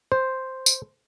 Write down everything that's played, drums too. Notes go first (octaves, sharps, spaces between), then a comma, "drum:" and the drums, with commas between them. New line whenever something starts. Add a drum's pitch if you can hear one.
C5
drum: tambourine